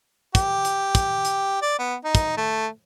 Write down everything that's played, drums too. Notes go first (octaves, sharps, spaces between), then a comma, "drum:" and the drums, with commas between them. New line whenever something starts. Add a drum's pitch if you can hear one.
G4, drum: kick, hi-hat
drum: hi-hat
drum: kick, hi-hat
drum: hi-hat
D5
B3
D#4
drum: kick, hi-hat
A3